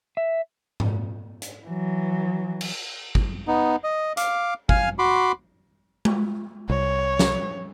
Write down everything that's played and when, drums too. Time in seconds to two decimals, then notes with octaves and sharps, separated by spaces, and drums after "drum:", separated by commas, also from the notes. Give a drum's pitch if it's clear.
0.17 E5
0.80 drum: tom G#2
1.42 drum: hi-hat
1.66 E3 F#3
2.61 drum: cymbal
3.15 drum: kick
3.47 B3 D#4
3.84 D#5
4.17 F5 D6, drum: hi-hat
4.69 F5 G#5 F6, drum: kick
4.99 F#4 B5 C6 D6
6.05 drum: tom G#3
6.70 C2 C#5
7.19 drum: snare